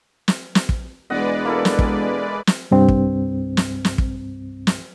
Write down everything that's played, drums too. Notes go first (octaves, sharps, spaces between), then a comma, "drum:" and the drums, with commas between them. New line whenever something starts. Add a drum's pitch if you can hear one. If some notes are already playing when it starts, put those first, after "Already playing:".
drum: snare
drum: snare
drum: kick
E1 G#3 B4 D5 D#5 F#5
A#3 E4 A4
drum: snare
drum: kick
drum: snare
C2 G2 C4
drum: kick
drum: snare
drum: snare
drum: kick
drum: snare